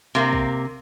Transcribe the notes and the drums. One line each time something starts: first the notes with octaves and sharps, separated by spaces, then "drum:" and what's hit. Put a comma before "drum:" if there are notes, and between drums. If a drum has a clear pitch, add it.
C3 A#3
drum: kick